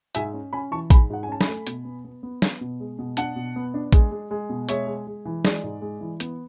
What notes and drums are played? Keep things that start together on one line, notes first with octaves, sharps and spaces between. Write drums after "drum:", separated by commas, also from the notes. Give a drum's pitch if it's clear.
G#2 E5 G#5, drum: hi-hat
C#4
C#4 G#5 B5
E3 A5 C#6
G#2 G#5 B5, drum: kick A1, hi-hat
G#2 F#5
G#5
C#4 A5
G#5 B5, drum: snare
A3
B2, drum: hi-hat
B3
B3
B3
B3, drum: snare
B2
G#3
B2
D4 F#5 A5, drum: hi-hat
B2
B3
D4
G#3, drum: kick A1, hi-hat
G#3
G#3
B2
G#3 C#5 E5, drum: hi-hat
G#3
G#3
E3
G#3 D5, drum: snare
G#2
G#3
E3
B3, drum: hi-hat